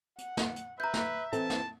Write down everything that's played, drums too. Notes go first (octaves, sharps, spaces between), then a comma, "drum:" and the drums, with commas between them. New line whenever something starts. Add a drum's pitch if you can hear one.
F#5, drum: hi-hat
drum: snare
drum: hi-hat
B4 E5 A#5 G6
drum: snare
E3 C4 A4 A5, drum: hi-hat
drum: snare